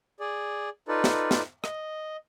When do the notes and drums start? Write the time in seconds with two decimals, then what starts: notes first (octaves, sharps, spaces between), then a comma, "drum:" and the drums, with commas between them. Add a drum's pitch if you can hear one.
0.20 G#4 D5
0.88 D#4 F4 A4 B4 D5
1.04 drum: snare
1.31 drum: snare
1.64 D#5, drum: rim click